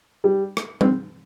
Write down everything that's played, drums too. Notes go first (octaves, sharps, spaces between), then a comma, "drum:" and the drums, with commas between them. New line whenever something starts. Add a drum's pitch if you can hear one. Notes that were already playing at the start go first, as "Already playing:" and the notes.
G3
drum: rim click
C4, drum: tom G3